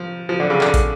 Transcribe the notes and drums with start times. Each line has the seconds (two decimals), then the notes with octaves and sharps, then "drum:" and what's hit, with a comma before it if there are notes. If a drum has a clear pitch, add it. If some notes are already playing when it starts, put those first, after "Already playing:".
Already playing: F3
0.29 F3
0.40 D3
0.50 C#3
0.61 D3, drum: clap
0.74 drum: kick, hi-hat